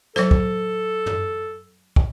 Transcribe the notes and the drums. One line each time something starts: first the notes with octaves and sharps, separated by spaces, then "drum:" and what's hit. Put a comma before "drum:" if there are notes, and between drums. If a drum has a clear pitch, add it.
F#3 A4 C5, drum: snare
drum: kick
drum: tom
drum: kick